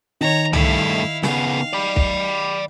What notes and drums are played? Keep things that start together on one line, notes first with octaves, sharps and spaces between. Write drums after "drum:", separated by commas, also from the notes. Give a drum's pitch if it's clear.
D#3 C#5 A#5
G2 A3 E4 F5, drum: tom
C#3 B3 F5, drum: snare
D5 B5
drum: kick